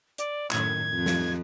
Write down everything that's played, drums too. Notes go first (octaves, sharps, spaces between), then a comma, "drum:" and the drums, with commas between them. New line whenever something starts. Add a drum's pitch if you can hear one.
D5, drum: hi-hat
F#2 A2 D#3 G#6, drum: clap
F2
drum: snare